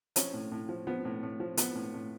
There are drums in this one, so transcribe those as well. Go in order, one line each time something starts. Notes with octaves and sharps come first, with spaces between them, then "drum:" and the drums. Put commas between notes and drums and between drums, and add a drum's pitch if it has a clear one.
F3 C#4, drum: hi-hat
A2
A2
F3
F3 B3
A2
A2
F3
F3 B3, drum: hi-hat
A2
A2